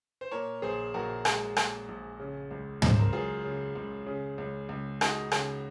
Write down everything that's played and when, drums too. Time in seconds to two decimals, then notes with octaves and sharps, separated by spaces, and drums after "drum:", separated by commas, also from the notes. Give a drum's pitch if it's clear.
0.21 C5
0.31 A#2 A#4 C#5
0.62 A#1 G#4 C5
0.94 A#1 F#4 A#4
1.25 G#3, drum: rim click
1.57 A#2, drum: rim click
1.88 A#1
2.20 C#3
2.51 C#2
2.82 C#2 C5, drum: tom
2.99 A#4
3.13 F#3 F4 G#4
3.44 C#3
3.75 C#2
4.06 C#3
4.38 C#2
4.69 C#2
5.01 G#3 D#4 F#4, drum: rim click
5.32 C#3, drum: rim click